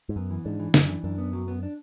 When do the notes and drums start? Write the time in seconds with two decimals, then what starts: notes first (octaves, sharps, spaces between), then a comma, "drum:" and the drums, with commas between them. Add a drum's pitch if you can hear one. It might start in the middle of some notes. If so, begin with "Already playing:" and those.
0.09 G#2
0.16 F#2 B3
0.31 E3
0.45 G#2 D4
0.60 E3
0.74 F#2 D4, drum: snare
0.89 E3
1.04 F#2 D4
1.18 B3
1.33 F#3
1.48 B3
1.63 D4